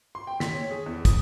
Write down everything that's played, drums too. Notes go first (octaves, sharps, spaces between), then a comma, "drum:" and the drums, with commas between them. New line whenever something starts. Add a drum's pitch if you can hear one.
C6
G5
B6, drum: snare
C#5
G#4
E2
D#6, drum: kick, hi-hat